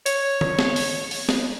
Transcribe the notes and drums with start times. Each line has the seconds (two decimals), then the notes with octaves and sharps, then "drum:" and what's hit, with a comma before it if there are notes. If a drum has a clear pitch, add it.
0.06 C#5, drum: hi-hat
0.41 drum: tom D#3
0.59 drum: snare
0.76 drum: open hi-hat
1.11 drum: open hi-hat
1.29 drum: snare